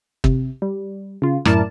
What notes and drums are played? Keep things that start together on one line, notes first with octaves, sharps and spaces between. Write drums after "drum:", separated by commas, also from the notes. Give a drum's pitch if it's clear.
C3, drum: kick
G3
C#3 F4
F#2 A2 E4 A#4 D5 A5, drum: rim click